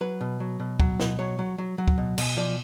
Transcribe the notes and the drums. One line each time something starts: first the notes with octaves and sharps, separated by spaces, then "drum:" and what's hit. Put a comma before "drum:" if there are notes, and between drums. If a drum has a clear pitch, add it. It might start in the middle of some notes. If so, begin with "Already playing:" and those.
F#3 B4
B2
F#3
B2
F#3, drum: kick
B2, drum: snare E4
F#3 C#5
F#3
F#3
F#3
drum: kick
B2
B2, drum: cymbal
F3 D5